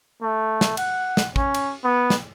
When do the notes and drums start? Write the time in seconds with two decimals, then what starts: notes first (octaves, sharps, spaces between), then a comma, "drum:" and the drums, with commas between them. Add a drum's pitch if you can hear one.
0.22 A3
0.61 drum: snare
0.77 F#5, drum: cymbal
1.17 drum: snare
1.36 C#4, drum: kick
1.54 drum: cymbal
1.84 B3
2.10 drum: snare